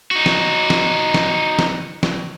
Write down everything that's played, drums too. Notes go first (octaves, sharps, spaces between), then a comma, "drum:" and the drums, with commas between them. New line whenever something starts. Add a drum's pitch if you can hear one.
D#4 F#4
drum: snare
drum: snare
drum: snare
drum: snare
drum: snare